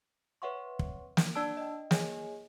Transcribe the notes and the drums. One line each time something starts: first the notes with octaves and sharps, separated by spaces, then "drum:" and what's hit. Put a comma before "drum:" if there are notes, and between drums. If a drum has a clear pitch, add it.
B4 C#5 E5 F#5 C6 C#6
drum: kick
drum: snare
D4 D5 A5 E6 D7
D#5 G5
G#4 C#5 D#5 G#5, drum: snare